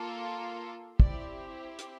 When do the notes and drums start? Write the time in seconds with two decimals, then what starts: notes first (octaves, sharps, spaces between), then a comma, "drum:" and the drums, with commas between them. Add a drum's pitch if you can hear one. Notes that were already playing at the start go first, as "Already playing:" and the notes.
Already playing: A#3 F4 A4
1.00 C4 E4 G4 D5, drum: kick
1.79 drum: hi-hat